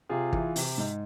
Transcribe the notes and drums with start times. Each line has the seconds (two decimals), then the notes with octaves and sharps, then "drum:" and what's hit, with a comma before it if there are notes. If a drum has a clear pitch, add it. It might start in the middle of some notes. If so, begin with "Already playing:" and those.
0.09 C3 F4 G#4
0.33 E3, drum: kick
0.56 C3, drum: open hi-hat
0.78 G#2